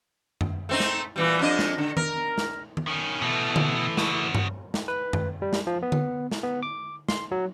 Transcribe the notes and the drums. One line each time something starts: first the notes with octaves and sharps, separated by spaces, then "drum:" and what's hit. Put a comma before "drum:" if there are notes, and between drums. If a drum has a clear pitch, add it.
drum: tom F#2
A3 C4 D#4
drum: snare
A#2 E3 G3
F2 D4 D#5
drum: snare
D3
A#4, drum: tom D#3
drum: snare
drum: tom D#3
D#3 C#4
B2 E3 A3
drum: tom D3
C#3 F#4, drum: snare
drum: tom G2
drum: snare
B4
drum: tom F#2
G3
drum: snare
F3
B3
drum: tom D3
drum: snare
B3
D6
C6, drum: snare
F#3